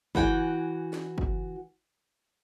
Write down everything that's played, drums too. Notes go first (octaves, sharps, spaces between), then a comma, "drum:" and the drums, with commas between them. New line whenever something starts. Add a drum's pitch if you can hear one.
E3 F#4 G5 G#5, drum: kick
drum: snare
drum: kick